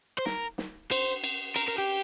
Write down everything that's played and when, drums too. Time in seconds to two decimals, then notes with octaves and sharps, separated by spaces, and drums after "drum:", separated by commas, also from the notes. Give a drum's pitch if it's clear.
0.19 C5
0.26 A#4, drum: snare
0.58 drum: snare
0.91 C5, drum: cymbal
1.24 drum: cymbal
1.56 A#4, drum: cymbal
1.68 A#4
1.78 G4